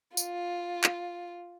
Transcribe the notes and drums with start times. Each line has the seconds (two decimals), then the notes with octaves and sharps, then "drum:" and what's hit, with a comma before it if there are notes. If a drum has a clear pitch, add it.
0.17 F4, drum: tambourine
0.84 drum: clap